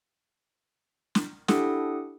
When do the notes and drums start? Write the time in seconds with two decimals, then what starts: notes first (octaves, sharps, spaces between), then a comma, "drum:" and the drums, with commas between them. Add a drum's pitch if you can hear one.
1.15 drum: snare
1.48 D4 E4 G4 A4 F#5 D#6, drum: snare